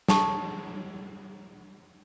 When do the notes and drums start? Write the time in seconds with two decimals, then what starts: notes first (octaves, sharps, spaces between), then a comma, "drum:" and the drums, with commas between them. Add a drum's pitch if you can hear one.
0.08 A4 A5 C#6, drum: snare